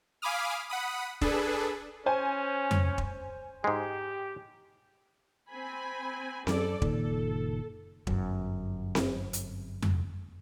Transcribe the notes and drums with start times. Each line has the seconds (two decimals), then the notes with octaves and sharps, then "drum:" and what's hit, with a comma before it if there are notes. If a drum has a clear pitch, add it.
0.22 F5 G#5 B5 D6 D#6 F6
0.69 F#5 B5 D#6
1.21 D4 G#4 A4 B4, drum: kick E1
2.06 C#4 C5 G#5
2.71 drum: tom F2
2.98 drum: kick E1
3.64 G#2 G#3 G4
5.51 C4 G#5 B5
6.47 F#2 A4 D5, drum: snare C4
6.82 F#1 A#2 D#3 A4, drum: kick E1
8.07 G1 F#2, drum: kick E1
8.95 drum: snare C4
9.33 drum: hi-hat
9.82 drum: tom F2